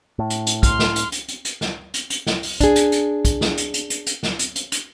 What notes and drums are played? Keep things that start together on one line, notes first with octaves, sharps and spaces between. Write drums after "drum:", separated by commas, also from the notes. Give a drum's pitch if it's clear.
A2
drum: hi-hat
drum: hi-hat
C6 F6, drum: kick, hi-hat
drum: snare
drum: hi-hat
drum: hi-hat
drum: hi-hat
drum: hi-hat
drum: snare
drum: hi-hat
drum: hi-hat
drum: snare
drum: open hi-hat
D4 G#4, drum: kick, hi-hat
drum: hi-hat
drum: hi-hat
drum: kick, hi-hat
drum: snare
drum: hi-hat
drum: hi-hat
drum: hi-hat
drum: hi-hat
drum: snare
drum: hi-hat
drum: hi-hat
drum: hi-hat